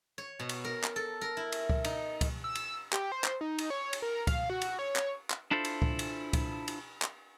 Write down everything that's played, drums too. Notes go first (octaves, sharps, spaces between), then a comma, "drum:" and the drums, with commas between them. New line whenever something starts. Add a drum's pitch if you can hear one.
C#5
B2
drum: cymbal
A#4
drum: clap
A4
A#4
E4
drum: cymbal
drum: kick C#2
D#4, drum: cymbal
drum: kick C#2, cymbal
E6
drum: cymbal
G4, drum: clap
C5
drum: clap
D#4
drum: cymbal
C#5
drum: cymbal
A#4
F5, drum: kick C#2, cymbal
F#4
drum: cymbal
C#5
drum: clap
drum: clap
D4 E4 F4 A4 C5
drum: cymbal
drum: kick C#2
drum: cymbal
drum: kick C#2, cymbal
drum: cymbal
drum: clap